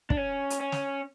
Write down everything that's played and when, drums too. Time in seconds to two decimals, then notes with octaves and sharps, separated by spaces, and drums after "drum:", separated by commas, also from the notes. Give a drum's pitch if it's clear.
0.10 D4, drum: kick
0.17 C#4
0.50 drum: hi-hat
0.60 C#4
0.72 drum: snare